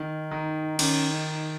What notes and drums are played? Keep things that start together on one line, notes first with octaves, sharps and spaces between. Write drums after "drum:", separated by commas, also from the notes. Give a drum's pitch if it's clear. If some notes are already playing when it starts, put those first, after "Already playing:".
Already playing: D#3 D#4
D#3
D#3 C#4, drum: cymbal
D#4